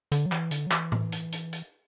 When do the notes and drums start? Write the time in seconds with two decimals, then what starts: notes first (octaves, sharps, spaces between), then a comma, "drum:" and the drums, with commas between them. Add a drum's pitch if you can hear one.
0.12 D3, drum: hi-hat
0.26 F#3
0.32 E3, drum: clap
0.51 D3, drum: hi-hat
0.67 F#3
0.71 E3, drum: clap
0.92 drum: tom A2
1.12 drum: hi-hat
1.32 drum: hi-hat
1.53 drum: hi-hat